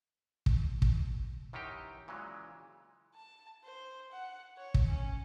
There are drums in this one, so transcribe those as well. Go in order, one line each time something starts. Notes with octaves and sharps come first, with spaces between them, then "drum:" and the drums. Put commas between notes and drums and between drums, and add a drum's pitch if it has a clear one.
drum: kick
drum: kick
F#2 D#3 E3 D#4 G4 G5
A#2 C#3 E3 F#3 G#3
A5
C5
F#5
C#5
drum: kick
C#4